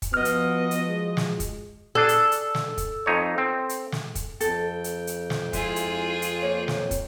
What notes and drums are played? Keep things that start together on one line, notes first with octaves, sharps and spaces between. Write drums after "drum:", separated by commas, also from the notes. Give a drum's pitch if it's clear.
drum: kick, hi-hat
F3 B3 F#4 D#5 F6
drum: hi-hat
drum: hi-hat
G#3
drum: snare
drum: kick, hi-hat
D4 G#4 A4
drum: hi-hat
drum: hi-hat
drum: snare
drum: kick, hi-hat
F2 D#4 C#5
C4
drum: hi-hat
drum: snare
drum: kick, hi-hat
F2 A4 G5, drum: hi-hat
drum: hi-hat
drum: hi-hat
drum: snare
G#3 E4 F4 G#4 G#5, drum: kick, hi-hat
drum: hi-hat
drum: hi-hat
A#3 C#5
drum: snare
drum: kick, hi-hat